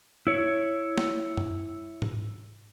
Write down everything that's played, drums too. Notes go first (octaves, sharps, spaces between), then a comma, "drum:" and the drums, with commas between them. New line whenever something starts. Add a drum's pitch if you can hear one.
E4 C#5
drum: snare
drum: tom F#2
drum: tom G#2